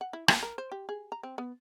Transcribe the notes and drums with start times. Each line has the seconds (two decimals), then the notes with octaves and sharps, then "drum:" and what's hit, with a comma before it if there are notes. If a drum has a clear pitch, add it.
0.01 F#5
0.13 E4
0.28 A#3, drum: rim click
0.43 A#4
0.58 C5
0.72 G4
0.89 G#4
1.12 A#5
1.23 C4
1.38 B3